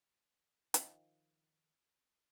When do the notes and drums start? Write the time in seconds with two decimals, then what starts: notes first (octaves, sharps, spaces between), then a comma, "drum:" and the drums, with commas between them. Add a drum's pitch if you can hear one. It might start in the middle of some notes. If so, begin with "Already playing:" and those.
0.74 D#3 F3, drum: hi-hat